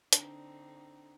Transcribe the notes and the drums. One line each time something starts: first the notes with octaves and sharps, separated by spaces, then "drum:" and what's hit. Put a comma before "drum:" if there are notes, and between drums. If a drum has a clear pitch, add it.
D3 C4 D4 D#4, drum: hi-hat